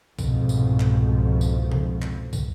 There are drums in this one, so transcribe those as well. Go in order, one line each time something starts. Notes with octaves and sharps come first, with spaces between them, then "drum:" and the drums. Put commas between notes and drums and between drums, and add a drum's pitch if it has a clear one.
C2 F2 G#2 B2 F3, drum: kick, tambourine
drum: tambourine
drum: clap
drum: tambourine
drum: tom C3
drum: clap
drum: kick, tambourine